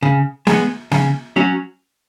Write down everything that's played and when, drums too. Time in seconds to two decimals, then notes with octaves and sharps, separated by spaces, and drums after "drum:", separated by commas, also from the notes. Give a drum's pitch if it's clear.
0.03 C#3
0.47 G#3 B3, drum: snare
0.92 C#3, drum: snare
1.36 F#3 C#4 F#4